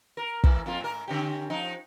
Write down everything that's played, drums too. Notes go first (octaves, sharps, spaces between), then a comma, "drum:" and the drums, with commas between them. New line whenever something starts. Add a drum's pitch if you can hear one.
A#4
G#2 E3, drum: kick
F2 A#3 F4
G#2 A#4
D3 C#4 G4
F3 D#4